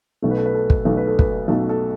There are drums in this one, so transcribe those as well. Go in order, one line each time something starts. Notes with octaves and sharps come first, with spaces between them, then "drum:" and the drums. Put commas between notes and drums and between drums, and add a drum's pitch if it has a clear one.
B1 B2 A3
B4
A4
B4
A4
drum: kick
B1 B2 A3
B4
A4
B4, drum: kick
B1 B2 A3 A4
A4